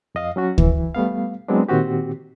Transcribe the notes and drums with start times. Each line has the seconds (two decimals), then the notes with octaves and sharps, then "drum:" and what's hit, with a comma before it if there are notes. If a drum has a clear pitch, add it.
0.15 F2 D#5 F5
0.36 F#3 C#4 F#4
0.58 E3, drum: kick
0.95 G3 A3 B3 F5
1.48 F#3 G#3 B3 C4 D4
1.69 A#2 D#3 C4 F#4 G4